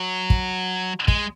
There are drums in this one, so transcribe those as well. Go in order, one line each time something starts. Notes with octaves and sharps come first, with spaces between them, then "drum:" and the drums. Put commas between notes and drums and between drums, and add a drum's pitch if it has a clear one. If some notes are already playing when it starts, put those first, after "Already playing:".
Already playing: F#3
drum: kick
G#3, drum: kick